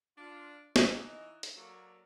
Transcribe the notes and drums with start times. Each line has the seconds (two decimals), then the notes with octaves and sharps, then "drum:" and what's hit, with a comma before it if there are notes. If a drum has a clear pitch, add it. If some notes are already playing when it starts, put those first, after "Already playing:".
0.18 D4 F4
0.76 E3 D#4 C#5 D#5, drum: snare
1.43 drum: hi-hat
1.56 F#3 A#3 F#4 A4 A#4 D5